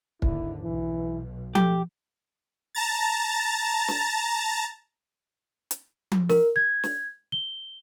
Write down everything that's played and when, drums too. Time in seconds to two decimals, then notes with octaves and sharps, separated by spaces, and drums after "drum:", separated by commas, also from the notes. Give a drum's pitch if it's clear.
0.22 D#2 G#2 D3 E4, drum: kick
0.62 B1 B2 E3
1.55 A3 G4, drum: tom F3
2.75 A5 A#5 A6
3.88 drum: snare
5.71 drum: hi-hat
6.12 drum: tom F3
6.29 A#4, drum: snare
6.56 G#6
6.83 drum: snare
7.32 G7